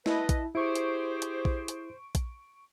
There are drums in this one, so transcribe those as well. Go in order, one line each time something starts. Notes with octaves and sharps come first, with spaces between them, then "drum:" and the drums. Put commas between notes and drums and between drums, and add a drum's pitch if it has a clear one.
E4 B4 D#5 A5, drum: snare
drum: kick A#1, hi-hat
E4 G4 G#4 C5 C#6 D7
drum: hi-hat
drum: hi-hat
drum: kick A#1
drum: hi-hat
drum: kick A#1, hi-hat